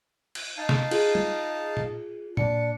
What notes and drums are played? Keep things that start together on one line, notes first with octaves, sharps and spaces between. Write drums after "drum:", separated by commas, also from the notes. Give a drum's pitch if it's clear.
drum: cymbal
D#4 F5 A5
drum: snare
F4 G#4, drum: cymbal
drum: tom
drum: tom A#2
A#2 D4 C#7, drum: tom A#2